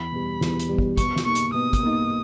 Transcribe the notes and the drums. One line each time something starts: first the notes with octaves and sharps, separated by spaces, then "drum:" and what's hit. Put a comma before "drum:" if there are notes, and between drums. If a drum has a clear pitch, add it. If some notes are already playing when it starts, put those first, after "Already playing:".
Already playing: E2 B5
B2 G3
E2, drum: snare
drum: hi-hat
B2 G3
drum: kick
B2 C#6, drum: kick, hi-hat
drum: snare
A#3 D#4 C#6
drum: hi-hat
B2 D#6
drum: kick, hi-hat
A#3 D#4